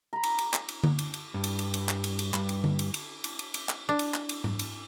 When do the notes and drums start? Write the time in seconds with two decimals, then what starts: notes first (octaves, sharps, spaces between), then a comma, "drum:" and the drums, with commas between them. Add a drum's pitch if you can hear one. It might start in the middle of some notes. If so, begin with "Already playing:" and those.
0.13 A#5 B5
0.23 drum: cymbal
0.38 drum: cymbal
0.54 drum: clap
0.69 drum: cymbal
0.84 drum: tom D3
0.99 drum: cymbal
1.14 drum: cymbal
1.34 G2
1.44 drum: cymbal
1.59 drum: cymbal
1.74 drum: cymbal
1.89 drum: clap
2.04 drum: cymbal
2.19 drum: cymbal
2.34 G2, drum: clap
2.49 drum: cymbal
2.64 drum: tom D3
2.79 drum: cymbal
2.94 drum: cymbal
3.24 drum: cymbal
3.39 drum: cymbal
3.54 drum: cymbal
3.69 drum: clap
3.89 D4
3.99 drum: cymbal
4.14 drum: clap
4.29 drum: cymbal
4.44 drum: tom G#2
4.59 drum: cymbal